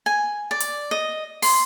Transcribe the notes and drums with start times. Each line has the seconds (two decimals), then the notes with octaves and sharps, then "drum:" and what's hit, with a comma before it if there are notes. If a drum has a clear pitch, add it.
0.06 G#5
0.51 D5
0.60 drum: hi-hat
0.91 D#5
1.42 C6, drum: open hi-hat